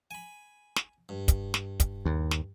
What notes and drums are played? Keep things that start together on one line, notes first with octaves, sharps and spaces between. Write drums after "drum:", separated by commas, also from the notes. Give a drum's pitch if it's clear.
G#5 B5
drum: snare
G2
drum: kick, hi-hat
drum: snare
drum: kick, hi-hat
D#2
drum: snare